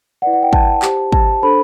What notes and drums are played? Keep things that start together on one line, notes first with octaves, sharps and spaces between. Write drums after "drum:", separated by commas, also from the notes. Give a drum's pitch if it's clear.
E4 B4 D5 F#5
F#5
G5
A5, drum: kick
G4 C5, drum: clap
A5, drum: kick
D4 A4 C5 B5